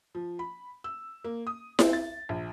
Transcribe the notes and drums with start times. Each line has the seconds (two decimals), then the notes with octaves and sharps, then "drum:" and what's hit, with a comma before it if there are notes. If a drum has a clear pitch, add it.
0.15 F3
0.39 B5
0.84 E6
1.25 A#3
1.47 D#6
1.79 C4, drum: snare E4
1.93 A6
2.29 A#1